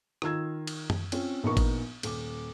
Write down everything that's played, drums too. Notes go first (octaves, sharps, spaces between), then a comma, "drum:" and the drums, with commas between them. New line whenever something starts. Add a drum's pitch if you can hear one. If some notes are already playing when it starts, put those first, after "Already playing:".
D#3 D#4 F4 E6 G#6, drum: rim click
drum: cymbal
drum: tom F#2
C4 C#4 F4, drum: cymbal
A#1 B3 D#4 A#4 C#6
drum: kick G#1, cymbal
D#1 D6, drum: cymbal